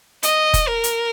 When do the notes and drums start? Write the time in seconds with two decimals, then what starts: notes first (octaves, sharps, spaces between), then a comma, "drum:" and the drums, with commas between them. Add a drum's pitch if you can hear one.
0.23 D#5, drum: hi-hat
0.54 drum: kick, hi-hat
0.68 A#4
0.84 drum: hi-hat